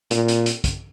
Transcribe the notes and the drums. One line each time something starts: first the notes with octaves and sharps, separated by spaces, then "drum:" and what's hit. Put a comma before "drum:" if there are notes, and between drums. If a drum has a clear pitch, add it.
A#2, drum: hi-hat
drum: hi-hat
drum: hi-hat
drum: kick, hi-hat